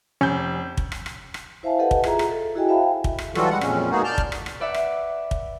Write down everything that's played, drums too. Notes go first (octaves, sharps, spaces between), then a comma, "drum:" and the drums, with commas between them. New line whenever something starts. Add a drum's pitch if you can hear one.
F1 C#4 G6
drum: kick
drum: rim click
drum: rim click
drum: rim click
E4 C5 E5 F5 G#5 A5
G4 A4 B4 D#5 F#5 A5
drum: kick
F4 G#4 E5 A#5, drum: rim click
drum: rim click
A4
E4 F#4 G#4 D#5 G5 G#5
C5 E5 F5 G5 A5 B5
drum: kick
drum: rim click
E3 F#3 G3 F4 F#4 A4, drum: rim click
G3 G#3 F#5
F2 A#2 G#3 C#4, drum: rim click
G#3 A#3 B3 D#4 F#4 G#4
D5 A5 F6 G6
drum: kick
drum: rim click
drum: rim click
B4 D5 E5 F#5
drum: rim click
drum: kick